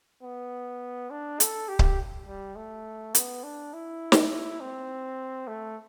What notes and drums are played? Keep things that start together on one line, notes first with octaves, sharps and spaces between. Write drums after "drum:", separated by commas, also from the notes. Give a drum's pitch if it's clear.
B3
D4
A4, drum: hi-hat
G4
drum: kick C#1
G3
A3
B3, drum: hi-hat
D4
E4
drum: snare
C4
A3